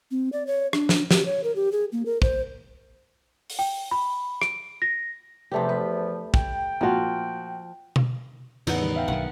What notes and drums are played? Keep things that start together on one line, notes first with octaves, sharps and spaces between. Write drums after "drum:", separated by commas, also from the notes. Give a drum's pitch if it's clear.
C4
D5
C#5
D4, drum: rim click
drum: snare
G4, drum: snare
C#5
A#4
G4
G#4
A#3
A#4
C5, drum: kick
drum: open hi-hat
G5
B5
D7, drum: rim click
A#6
E2 C3 F3 A3 G4
B4
G5, drum: kick
A#2 F3 F4 F#4
drum: tom B2
E2 A2 C#3 B3 D#4, drum: cymbal
D#3 G3
E5 F5 G5
B1 G2 D#3 F#5